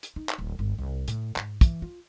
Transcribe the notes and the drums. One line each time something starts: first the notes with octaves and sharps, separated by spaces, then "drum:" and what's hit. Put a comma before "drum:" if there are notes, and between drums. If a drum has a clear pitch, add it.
drum: hi-hat
D#4
drum: clap
D1
G1
C2
A2, drum: hi-hat
G#2, drum: clap
E3, drum: kick, hi-hat
F4